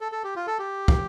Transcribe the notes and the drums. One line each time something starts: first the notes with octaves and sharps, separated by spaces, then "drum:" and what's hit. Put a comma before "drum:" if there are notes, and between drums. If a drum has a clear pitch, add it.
A4
A4
G4
F4
A4
G4
drum: kick